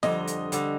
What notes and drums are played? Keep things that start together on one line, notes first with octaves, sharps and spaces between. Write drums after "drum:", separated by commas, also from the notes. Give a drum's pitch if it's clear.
F2 D3 G3 D#5, drum: snare
drum: hi-hat
D3 G3, drum: hi-hat